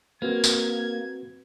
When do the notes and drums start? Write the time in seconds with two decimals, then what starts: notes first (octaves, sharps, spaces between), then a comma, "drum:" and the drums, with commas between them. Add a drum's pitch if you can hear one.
0.22 A#3 C4 F#4 B4 G#6
0.44 drum: tambourine